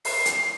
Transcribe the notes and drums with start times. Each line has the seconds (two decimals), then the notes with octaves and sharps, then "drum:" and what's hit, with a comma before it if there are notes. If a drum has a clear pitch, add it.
0.05 C7, drum: open hi-hat
0.25 drum: hi-hat